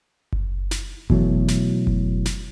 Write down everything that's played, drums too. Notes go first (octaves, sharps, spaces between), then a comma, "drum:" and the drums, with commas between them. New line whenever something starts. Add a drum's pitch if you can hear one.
drum: kick F#1
drum: snare
B2 E3 F#3 A3, drum: kick F#1
drum: snare
drum: kick F#1
drum: snare